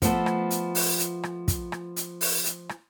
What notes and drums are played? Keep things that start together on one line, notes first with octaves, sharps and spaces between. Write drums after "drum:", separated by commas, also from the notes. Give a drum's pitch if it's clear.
F3 A3 B3 A4, drum: kick, hi-hat
drum: rim click
drum: hi-hat
drum: open hi-hat
drum: hi-hat
drum: rim click
drum: kick, hi-hat
drum: rim click
drum: hi-hat
drum: open hi-hat
drum: hi-hat
drum: rim click